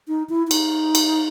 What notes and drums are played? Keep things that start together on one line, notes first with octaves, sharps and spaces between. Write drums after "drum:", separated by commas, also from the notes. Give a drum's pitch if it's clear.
D#4
E4
E4
D#4, drum: cymbal
drum: cymbal